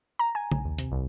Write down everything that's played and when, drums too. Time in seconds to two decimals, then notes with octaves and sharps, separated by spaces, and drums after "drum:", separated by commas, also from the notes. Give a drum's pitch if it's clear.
0.19 A#5
0.35 G#5
0.51 B1, drum: tom
0.65 D#2
0.78 C3, drum: hi-hat
0.92 C2